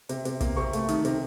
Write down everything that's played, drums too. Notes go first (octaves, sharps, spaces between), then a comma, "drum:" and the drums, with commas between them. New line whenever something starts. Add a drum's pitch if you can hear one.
C3, drum: hi-hat
C3, drum: hi-hat
A#3, drum: kick, hi-hat
C3 C#6
A3, drum: hi-hat
D#3, drum: hi-hat
C3, drum: hi-hat